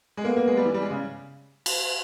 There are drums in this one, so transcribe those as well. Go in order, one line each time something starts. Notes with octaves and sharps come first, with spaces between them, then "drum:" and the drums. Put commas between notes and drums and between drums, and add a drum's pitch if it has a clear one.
G#3
A#3 B3
A#3
G#3
G3
E3
G3
G#3
C#3
drum: cymbal